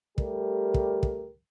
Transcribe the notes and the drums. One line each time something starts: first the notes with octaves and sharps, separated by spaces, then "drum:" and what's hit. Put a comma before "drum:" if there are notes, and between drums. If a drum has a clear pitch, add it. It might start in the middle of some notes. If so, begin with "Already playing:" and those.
G3 A3 G4 A#4, drum: kick
drum: kick
drum: kick